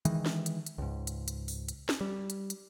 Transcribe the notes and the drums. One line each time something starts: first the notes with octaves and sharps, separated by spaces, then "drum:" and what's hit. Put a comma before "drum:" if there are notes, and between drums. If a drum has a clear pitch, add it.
D#3 E3 G#3, drum: hi-hat
drum: snare
drum: hi-hat
drum: hi-hat
C#2 G#2
drum: hi-hat
drum: hi-hat
drum: open hi-hat
drum: hi-hat
drum: snare
G3
drum: hi-hat
drum: hi-hat